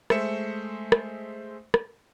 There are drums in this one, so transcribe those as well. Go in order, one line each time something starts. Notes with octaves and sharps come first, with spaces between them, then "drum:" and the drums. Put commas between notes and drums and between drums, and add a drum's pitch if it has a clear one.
G#3 A3 C5 E5 C#7 E7, drum: rim click
drum: rim click
drum: rim click